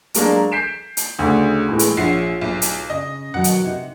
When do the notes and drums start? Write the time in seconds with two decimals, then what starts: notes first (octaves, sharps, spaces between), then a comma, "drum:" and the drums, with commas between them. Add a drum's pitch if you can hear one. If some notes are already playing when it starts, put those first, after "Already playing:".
0.14 F#3 G#3 A#3 D4, drum: hi-hat
0.52 G6 B6 C7 D7 E7
0.97 drum: hi-hat
1.19 D2 C#3
1.69 A2 E3 G#3
1.79 drum: hi-hat
1.97 A#1 F4 G#4 C#5 F#5 C7
2.41 B1
2.62 drum: hi-hat
2.90 C#3 D#5
3.34 B2 D#3 F#3 F#5
3.44 drum: hi-hat
3.64 C3 D#4